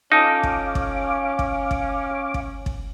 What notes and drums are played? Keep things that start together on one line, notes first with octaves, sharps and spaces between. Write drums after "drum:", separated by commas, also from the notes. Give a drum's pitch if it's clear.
C#4 D#4 F4 A4 F5 D6
drum: kick
drum: kick
drum: kick
drum: kick
drum: kick
drum: kick